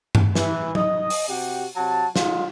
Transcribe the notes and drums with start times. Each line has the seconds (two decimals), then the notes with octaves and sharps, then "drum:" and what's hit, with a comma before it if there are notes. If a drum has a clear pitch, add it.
0.15 drum: tom G2
0.35 E3, drum: snare
0.75 D#5, drum: tom F#3
1.10 drum: open hi-hat
1.28 C3 F#4 G4
1.77 C3 F#3 A5
2.16 D3 F#3 G#3 F4, drum: snare